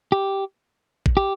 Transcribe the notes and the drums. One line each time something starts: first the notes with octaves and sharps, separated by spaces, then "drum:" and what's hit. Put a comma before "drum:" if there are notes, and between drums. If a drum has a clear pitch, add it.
G4
drum: kick A1
G4